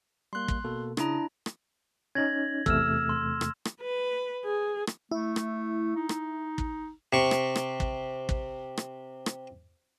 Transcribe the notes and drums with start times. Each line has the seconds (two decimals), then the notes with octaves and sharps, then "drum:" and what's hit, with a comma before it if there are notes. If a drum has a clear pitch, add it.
0.33 G3 A#3 C6 F#6
0.48 drum: kick
0.64 B2 A#3 A4
0.97 C#3 D4 E4 A#5 D#6, drum: rim click
1.46 drum: rim click
2.15 C#4 D#4 G#6 A#6 F#7
2.66 E2 C3 A3 E6 F6 E7, drum: kick
3.09 C6
3.41 drum: rim click
3.65 drum: rim click
3.81 B4
4.45 G#4
4.87 drum: rim click
5.11 A3 E4
5.36 drum: rim click
5.96 D#4
6.09 drum: rim click
6.58 drum: kick
7.13 C3 C#6
7.31 drum: rim click
7.56 drum: rim click
7.80 drum: kick
8.29 drum: kick
8.77 drum: rim click
9.26 drum: rim click